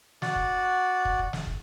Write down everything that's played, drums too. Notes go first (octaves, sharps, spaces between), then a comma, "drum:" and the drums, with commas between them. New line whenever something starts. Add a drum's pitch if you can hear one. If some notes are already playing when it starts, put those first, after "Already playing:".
F#4 D5, drum: snare
drum: kick
drum: kick
drum: kick
drum: snare
drum: kick